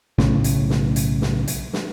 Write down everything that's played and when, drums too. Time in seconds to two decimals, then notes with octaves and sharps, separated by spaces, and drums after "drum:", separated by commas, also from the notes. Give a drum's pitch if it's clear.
0.18 B1 A2 C#3, drum: snare
0.44 drum: hi-hat
0.70 drum: snare
0.96 drum: hi-hat
1.22 drum: snare
1.48 drum: hi-hat
1.73 drum: snare